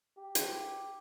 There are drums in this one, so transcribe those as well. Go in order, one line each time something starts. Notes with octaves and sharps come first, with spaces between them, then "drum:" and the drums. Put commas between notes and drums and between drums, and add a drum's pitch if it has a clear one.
G4
drum: hi-hat